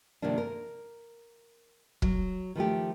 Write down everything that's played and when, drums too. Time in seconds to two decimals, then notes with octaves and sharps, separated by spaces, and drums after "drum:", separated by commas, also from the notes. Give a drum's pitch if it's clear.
0.22 C3 D#3 F3 A#3 D4
0.38 A#4
2.02 F#3, drum: kick
2.55 D#3 F3 A3 G4